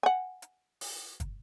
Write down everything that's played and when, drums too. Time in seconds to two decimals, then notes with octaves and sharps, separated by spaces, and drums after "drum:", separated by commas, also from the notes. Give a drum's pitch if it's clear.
0.03 F#5 G#5
0.42 drum: hi-hat
0.81 drum: open hi-hat
1.20 drum: kick, hi-hat